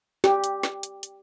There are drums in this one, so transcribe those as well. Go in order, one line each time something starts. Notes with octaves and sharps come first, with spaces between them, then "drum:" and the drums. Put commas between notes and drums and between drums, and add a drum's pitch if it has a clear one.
G4, drum: snare
drum: hi-hat
drum: snare
drum: hi-hat
drum: hi-hat